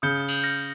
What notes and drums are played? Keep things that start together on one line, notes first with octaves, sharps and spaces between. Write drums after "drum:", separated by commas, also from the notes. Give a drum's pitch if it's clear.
C#3 D#6 G6 C#7 G7
drum: cymbal
F6 A#6 C#7